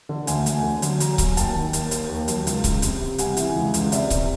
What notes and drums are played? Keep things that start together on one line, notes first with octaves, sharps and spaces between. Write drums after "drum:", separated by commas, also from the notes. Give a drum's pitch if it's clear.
D3
D2 F#5 G#5, drum: hi-hat
D2, drum: hi-hat
D3
F#3, drum: hi-hat
F#3 G#5 A#5, drum: hi-hat
F#3, drum: kick C#1, hi-hat
D#2 G5 A5, drum: hi-hat
D#3
D#2, drum: hi-hat
D#2, drum: hi-hat
D#2
F#3, drum: hi-hat
C#2, drum: hi-hat
C#2, drum: kick C#1, hi-hat
C3, drum: hi-hat
C3
G3 F#5 G#5, drum: hi-hat
E3, drum: hi-hat
C#2
C#2, drum: hi-hat
C3 D5 E5, drum: hi-hat
C3, drum: kick C#1, hi-hat